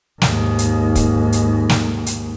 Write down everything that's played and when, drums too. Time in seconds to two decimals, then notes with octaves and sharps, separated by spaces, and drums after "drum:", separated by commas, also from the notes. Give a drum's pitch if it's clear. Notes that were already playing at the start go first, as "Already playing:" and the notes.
0.22 D#2 G#2, drum: snare
0.59 drum: hi-hat
0.95 drum: kick, hi-hat
1.32 drum: hi-hat
1.69 drum: snare
2.06 drum: hi-hat